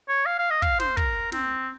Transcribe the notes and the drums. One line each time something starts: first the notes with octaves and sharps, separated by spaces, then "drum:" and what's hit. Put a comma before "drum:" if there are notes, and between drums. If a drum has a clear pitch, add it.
C#5
F5
F5
D#5
F5, drum: kick
C5, drum: snare
A#4, drum: kick
C4, drum: snare